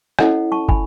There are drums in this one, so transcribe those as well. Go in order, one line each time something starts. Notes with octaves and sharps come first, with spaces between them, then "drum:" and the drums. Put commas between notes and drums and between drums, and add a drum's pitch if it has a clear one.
C#4 E4 A4 C#5 D#5 F#5, drum: rim click
A5 C#6
G#5 B5, drum: kick